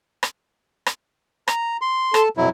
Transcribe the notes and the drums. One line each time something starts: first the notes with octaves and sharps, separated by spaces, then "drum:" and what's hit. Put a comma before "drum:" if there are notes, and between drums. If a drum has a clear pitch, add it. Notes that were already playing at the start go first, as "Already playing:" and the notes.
drum: rim click
drum: rim click
A#5, drum: rim click
C6
A4 A5, drum: rim click
F2 B2 F#3 E4